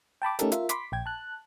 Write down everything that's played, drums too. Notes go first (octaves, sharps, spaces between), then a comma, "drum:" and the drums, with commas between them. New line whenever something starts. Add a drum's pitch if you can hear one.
G5 A5 B5 D6
A3 C#4 D#4 G4 A4 A#4, drum: hi-hat
F4 A#4 E5, drum: hi-hat
B5 C6 D6 B6, drum: hi-hat
A#1 G5 G#6
A5 F#6